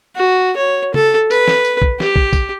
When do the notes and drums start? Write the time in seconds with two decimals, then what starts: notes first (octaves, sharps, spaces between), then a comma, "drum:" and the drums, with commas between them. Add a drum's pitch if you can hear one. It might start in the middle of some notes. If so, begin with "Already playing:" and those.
0.16 F#4
0.57 C#5
0.94 A4, drum: tom
1.31 B4, drum: tambourine
1.48 drum: snare
1.65 drum: tambourine
1.82 drum: kick
2.00 G4, drum: snare
2.16 drum: kick
2.33 drum: kick, tambourine